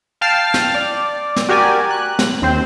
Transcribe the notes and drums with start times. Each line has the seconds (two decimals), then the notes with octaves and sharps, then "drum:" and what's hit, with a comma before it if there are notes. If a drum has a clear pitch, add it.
0.21 F5 G5 A5 F6 A6 C7
0.54 drum: snare
0.75 D5
1.36 drum: snare
1.49 F#4 G4 A#4 D5 G#5
1.91 F#6
2.19 drum: snare
2.42 D#2 C4 C5